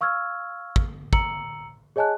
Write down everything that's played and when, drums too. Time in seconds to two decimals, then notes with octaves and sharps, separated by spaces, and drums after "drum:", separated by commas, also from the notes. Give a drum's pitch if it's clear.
0.01 F5 C#6 E6 F6 G#6
0.76 drum: kick
1.13 A#5 E6 C#7 F#7, drum: kick
1.96 G#4 C#5 D#5 G#5 A5 F#6